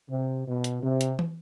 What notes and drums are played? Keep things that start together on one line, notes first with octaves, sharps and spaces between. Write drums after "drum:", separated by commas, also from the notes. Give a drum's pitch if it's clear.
C3
B2
drum: hi-hat
C3
drum: hi-hat
drum: tom